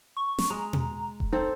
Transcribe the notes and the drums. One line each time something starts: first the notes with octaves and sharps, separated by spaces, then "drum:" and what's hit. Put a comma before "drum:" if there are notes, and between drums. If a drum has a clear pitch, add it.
C#6
drum: snare
G#3 A#5
drum: tom B2
drum: kick E1
C4 D#4 A4